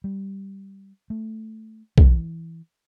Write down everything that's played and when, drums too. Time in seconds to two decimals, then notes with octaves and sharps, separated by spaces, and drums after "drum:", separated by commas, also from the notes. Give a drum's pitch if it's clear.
0.04 G3
1.10 A3
1.98 E3, drum: kick B1